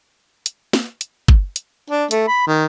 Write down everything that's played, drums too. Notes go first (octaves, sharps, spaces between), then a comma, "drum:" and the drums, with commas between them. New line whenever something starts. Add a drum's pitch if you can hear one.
drum: hi-hat
drum: snare
drum: hi-hat
drum: kick
drum: hi-hat
D4
A3, drum: hi-hat
B5
D#3